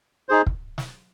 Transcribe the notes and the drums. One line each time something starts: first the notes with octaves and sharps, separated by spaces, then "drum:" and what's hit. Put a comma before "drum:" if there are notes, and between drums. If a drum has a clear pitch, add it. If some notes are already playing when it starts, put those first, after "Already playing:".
D#4 G#4 C5
drum: kick
drum: snare